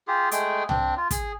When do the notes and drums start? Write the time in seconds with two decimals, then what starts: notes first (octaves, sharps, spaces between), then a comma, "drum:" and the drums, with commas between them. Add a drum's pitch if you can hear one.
0.07 F4 G4 G#4
0.32 G#3 A3 G#4 G5, drum: hi-hat
0.69 C4 D4, drum: tom
0.97 F4
1.11 G#4, drum: kick, hi-hat